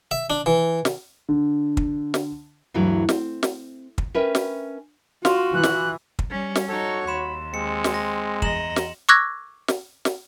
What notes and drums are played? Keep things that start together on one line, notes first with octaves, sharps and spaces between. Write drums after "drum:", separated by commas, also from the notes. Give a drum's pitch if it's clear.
E5
D4
E3
drum: snare
D3
drum: kick
drum: snare
D2 G2 E3 F#3
C4, drum: snare
drum: snare
drum: kick
C#4 A#4 B4 E5 G5
drum: snare
F4 F#4, drum: snare
E3 F#6
drum: snare
drum: kick
G3 C#4
drum: snare
D#4 F#4 A4 C#5
D#2 B5 C6 E7
G#3 C4 C#7
drum: snare
A#6
E2 D#5 A#5 E7 F#7, drum: kick
drum: snare
C#6 D6 E6 F#6 G#6 A#6
drum: snare
drum: snare